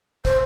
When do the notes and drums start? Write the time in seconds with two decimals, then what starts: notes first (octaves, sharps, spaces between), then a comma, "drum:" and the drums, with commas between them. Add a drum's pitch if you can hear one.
0.25 C5, drum: kick, hi-hat